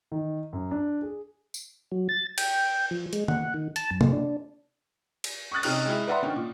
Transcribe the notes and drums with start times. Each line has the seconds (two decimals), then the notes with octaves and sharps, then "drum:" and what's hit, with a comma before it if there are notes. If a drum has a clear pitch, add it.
0.12 D#3
0.53 F#2
0.71 D4
1.02 G#4
1.54 drum: tambourine
1.92 F#3
2.09 A6
2.38 G5, drum: cymbal
2.91 F3
3.13 G#3, drum: hi-hat
3.28 F#5, drum: tom
3.54 D#3
3.76 A5, drum: hi-hat
3.91 F#2
4.01 drum: tom
4.12 D4
5.24 drum: cymbal
5.52 C#6 D#6 F#6 A6
5.63 C3 C#4 D#4 G5 F6 F#6, drum: cymbal
5.85 G#3 E4
6.07 B4 D5 E5 F#5 A#5 C6
6.23 D#3 C#4 D4
6.36 A#2